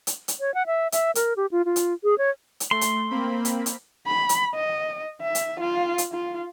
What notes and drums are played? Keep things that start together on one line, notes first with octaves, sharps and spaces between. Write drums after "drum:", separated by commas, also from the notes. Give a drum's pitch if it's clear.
drum: hi-hat
drum: hi-hat
C#5
F#5
E5
E5, drum: hi-hat
A#4, drum: hi-hat
G4
F4
F4
drum: hi-hat
G#4
C#5
drum: hi-hat
A3 C6
drum: hi-hat
A#3 C4 B5
drum: hi-hat
drum: hi-hat
B5
drum: hi-hat
D#5
E5
drum: hi-hat
F4
drum: hi-hat
F4